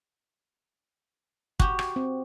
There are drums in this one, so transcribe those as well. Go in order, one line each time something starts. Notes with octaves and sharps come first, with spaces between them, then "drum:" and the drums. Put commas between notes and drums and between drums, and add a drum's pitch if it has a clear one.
F#4 G4, drum: kick
drum: rim click
C4